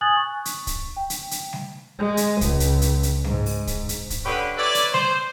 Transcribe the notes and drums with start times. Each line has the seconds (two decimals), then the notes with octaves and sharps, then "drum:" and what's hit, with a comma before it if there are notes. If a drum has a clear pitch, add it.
0.01 G#5 D#6 F#6 G#6 A6 F#7
0.16 C#6
0.45 drum: hi-hat
0.67 drum: kick, hi-hat
0.96 G5
1.10 drum: hi-hat
1.31 drum: hi-hat
1.53 drum: snare G3
1.99 G#3
2.17 drum: hi-hat
2.41 C#2, drum: kick, hi-hat
2.60 drum: hi-hat
2.81 drum: hi-hat
3.03 drum: hi-hat
3.24 G#2, drum: snare G3
3.46 drum: open hi-hat
3.67 drum: kick, hi-hat
3.89 drum: hi-hat
4.10 drum: kick, hi-hat
4.25 D3 C#4 G4 B4
4.57 E4 A4 B4 C#5 D5
4.75 drum: hi-hat
4.93 C5, drum: snare G3